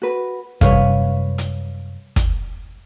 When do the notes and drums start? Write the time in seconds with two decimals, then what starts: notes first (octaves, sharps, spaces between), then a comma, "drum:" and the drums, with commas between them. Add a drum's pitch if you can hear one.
0.02 F#4 B4
0.61 F#2 C3 G3 B4 C#5 F5, drum: kick, hi-hat
1.38 drum: hi-hat
2.16 drum: kick, hi-hat